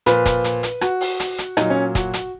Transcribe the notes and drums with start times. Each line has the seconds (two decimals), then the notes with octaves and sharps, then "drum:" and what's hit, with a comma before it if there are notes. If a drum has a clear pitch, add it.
0.06 A#2 F3 B4, drum: hi-hat
0.25 drum: kick, hi-hat
0.44 drum: hi-hat
0.63 drum: hi-hat
0.81 F#4, drum: rim click
1.01 drum: open hi-hat
1.20 drum: hi-hat
1.38 drum: hi-hat
1.57 A#2 F#3 D#4, drum: rim click
1.70 C#4
1.95 F#4, drum: kick, hi-hat
2.14 drum: hi-hat